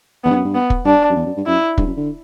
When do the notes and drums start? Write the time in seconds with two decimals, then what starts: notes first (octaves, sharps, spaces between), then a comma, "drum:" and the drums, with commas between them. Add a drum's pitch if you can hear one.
0.24 E2 B3
0.30 G2
0.35 F#2
0.45 G2
0.55 B3
0.70 drum: kick
0.85 G2 D4
1.10 F#2
1.16 E2
1.26 F#2
1.37 G2
1.46 F#2 E4
1.78 G2, drum: kick
1.87 F#2
1.97 D3